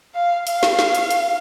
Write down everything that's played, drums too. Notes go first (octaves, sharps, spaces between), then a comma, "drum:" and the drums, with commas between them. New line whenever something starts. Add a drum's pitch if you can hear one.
F5
F5, drum: hi-hat
drum: snare
drum: snare
drum: hi-hat
drum: hi-hat